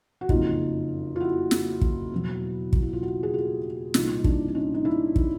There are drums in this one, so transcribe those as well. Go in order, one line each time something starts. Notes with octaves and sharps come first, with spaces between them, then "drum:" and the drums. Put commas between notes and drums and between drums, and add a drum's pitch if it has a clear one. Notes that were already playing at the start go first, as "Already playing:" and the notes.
F#4
F#1 F2 C#3 D#4 F4, drum: kick
F4
E4 F#4
drum: snare
drum: kick
E2 B2 F#3
drum: kick
E4
F4
E4 F#4
G#4
F4 G4
C2 A#2 G3 D#4 F4, drum: snare
D#4
D4 E4, drum: kick
D4
C#4 D#4
D#4
D4 E4
drum: kick